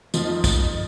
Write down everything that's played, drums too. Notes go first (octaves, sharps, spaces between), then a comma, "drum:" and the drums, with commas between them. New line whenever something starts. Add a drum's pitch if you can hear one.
F2 F3 F4, drum: tambourine
D#4
drum: kick, tambourine